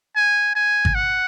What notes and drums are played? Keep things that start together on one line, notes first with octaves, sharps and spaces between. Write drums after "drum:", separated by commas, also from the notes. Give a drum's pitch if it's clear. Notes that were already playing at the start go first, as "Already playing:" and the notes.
G#5
G#5
drum: kick G#1
F#5